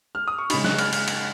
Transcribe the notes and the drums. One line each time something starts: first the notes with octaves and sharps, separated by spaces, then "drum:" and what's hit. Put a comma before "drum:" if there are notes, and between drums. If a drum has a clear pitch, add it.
F6
D#6
C#6
C#3 G#3 D#4 B5, drum: cymbal
F#6, drum: snare
F6, drum: cymbal
F6, drum: cymbal
drum: cymbal